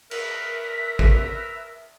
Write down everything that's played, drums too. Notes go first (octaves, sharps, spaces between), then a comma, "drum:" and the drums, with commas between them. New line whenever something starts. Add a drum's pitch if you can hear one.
A#4 B4 E5 B6, drum: cymbal
drum: kick